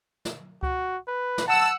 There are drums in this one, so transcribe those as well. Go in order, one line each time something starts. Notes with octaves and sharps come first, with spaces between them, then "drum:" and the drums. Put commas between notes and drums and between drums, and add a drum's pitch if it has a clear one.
drum: snare
F#4, drum: kick C#2
B4
drum: snare
F#5 A5 E6